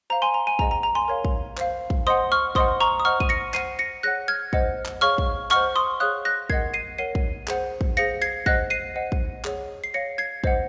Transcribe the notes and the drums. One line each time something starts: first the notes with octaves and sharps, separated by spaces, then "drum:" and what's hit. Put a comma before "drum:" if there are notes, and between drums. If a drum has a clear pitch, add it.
C5 F5 A#5
G#5 C6
A#5
G#5
G#4 C5 D#5 F#5 A#5, drum: kick
A#5
A#5
G#5 C6
A#4 C#5 F5
drum: kick
C5 F5, drum: clap
drum: kick
C5 D#5 F#5 C6 D#6
C#6 F6
C5 D#5 F#5 C6 D#6, drum: kick
A#5 C#6
D#6
C5 D#5 F#5 C#6 F6
D#7, drum: kick
A#6 C#7
C5 F#5 C7 D#7, drum: clap
A#6 C#7
G#4 C#5 F#5 F#6 A#6
F6 G#6
C5 D#5 F#5, drum: kick
drum: clap
G#4 C#5 F5 C#6 F6
drum: kick
C5 D#5 F#5 C#6 F6, drum: clap
C6 D#6
G#4 C#5 F5 D#6 F#6
F#6 A#6
A#4 D#5 F#5 G#6 C7, drum: kick
C7 D#7
A#4 C#5 F#5 C7 D#7
drum: kick
G#4 C5 F#5, drum: clap
drum: kick
G#4 C5 F5 A#6 C#7
G#6 C7
C5 D#5 F#5 F#6 A#6, drum: kick
C7 D#7
C5 D#5 F#5
drum: kick
G#4 C#5 F#5, drum: clap
C7
G#4 C#5 F5 A#6 C#7
G#6 C7
C5 D#5 F#5, drum: kick